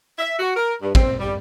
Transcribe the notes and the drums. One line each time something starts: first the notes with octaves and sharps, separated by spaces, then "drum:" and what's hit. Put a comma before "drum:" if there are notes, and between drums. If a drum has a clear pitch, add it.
E5
F#4
A#4
G2
C4, drum: kick
G3